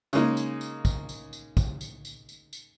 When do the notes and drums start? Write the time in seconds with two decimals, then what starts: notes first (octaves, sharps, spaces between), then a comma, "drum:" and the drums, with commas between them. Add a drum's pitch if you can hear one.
0.13 C#3 G#3 A#3 D#4, drum: tambourine
0.37 drum: tambourine
0.61 drum: tambourine
0.85 drum: kick, tambourine
1.09 drum: tambourine
1.33 drum: tambourine
1.57 drum: kick, tambourine
1.81 drum: tambourine
2.05 drum: tambourine
2.29 drum: tambourine
2.53 drum: tambourine